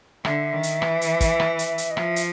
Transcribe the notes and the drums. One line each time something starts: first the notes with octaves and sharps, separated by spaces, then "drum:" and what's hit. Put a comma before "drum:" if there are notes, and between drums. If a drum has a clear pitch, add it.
D3 E5, drum: rim click
D#3
drum: hi-hat
E3, drum: rim click
drum: hi-hat
drum: kick, hi-hat
drum: rim click
drum: hi-hat
drum: hi-hat
D#5
F3 E5, drum: rim click
drum: hi-hat